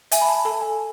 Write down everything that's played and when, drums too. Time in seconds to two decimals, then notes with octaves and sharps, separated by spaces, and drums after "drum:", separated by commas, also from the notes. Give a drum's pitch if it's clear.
0.12 E5 G#5, drum: hi-hat
0.21 B5
0.29 A5
0.45 A4 A5
0.61 G#5